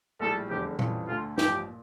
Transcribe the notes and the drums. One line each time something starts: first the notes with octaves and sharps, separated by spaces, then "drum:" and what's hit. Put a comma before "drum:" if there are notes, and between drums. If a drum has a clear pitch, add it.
A#1 A2 G3 A4
F1 E2 D3 G3 G4
F2 E3 G3 C#4 F4, drum: tom A#2
D2 D3 A3 F4
A1 G2 F3 G4, drum: snare
A#2